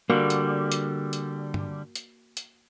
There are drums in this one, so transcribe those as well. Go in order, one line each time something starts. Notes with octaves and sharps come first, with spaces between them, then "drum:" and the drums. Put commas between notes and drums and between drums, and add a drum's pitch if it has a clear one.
D3 G3 A#3 F#4
drum: hi-hat
drum: hi-hat
drum: hi-hat
drum: tom G2
drum: hi-hat
drum: hi-hat